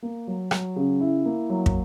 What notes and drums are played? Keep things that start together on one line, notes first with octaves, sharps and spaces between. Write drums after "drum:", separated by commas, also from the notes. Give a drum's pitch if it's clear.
A#3
F#3
F#3, drum: rim click
C#3
E4
A#3
F#3
drum: kick